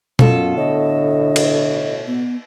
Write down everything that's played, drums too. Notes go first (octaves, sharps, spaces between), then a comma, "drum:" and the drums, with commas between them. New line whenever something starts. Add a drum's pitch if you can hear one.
F#2 B2 F4 A4, drum: tom B2
A2 D3 D#5
drum: cymbal
B3